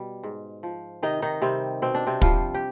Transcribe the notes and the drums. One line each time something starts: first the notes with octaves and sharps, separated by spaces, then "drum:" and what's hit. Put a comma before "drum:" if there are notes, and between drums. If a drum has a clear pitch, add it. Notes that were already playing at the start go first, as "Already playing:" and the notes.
Already playing: B2 G3
G#2
F3
C3 D#3 D#4
D#3 D#4
C3 G3 C4
B2 C4
D4
C3 C4
F3 G3 F4, drum: kick
G4